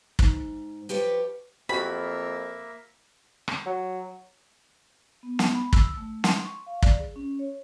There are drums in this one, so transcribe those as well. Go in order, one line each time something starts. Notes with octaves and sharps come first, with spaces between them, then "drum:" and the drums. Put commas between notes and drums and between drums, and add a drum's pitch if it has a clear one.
G#2, drum: kick
F3 G4 B4 C#5 D5
F2 A#3 F#4 G4 A#4 E5 B5
drum: rim click
F#3
B3
B3, drum: snare
B5
E6, drum: kick
A3
C6, drum: snare
C#6
F5
D5, drum: kick
G#4
C#4
C#5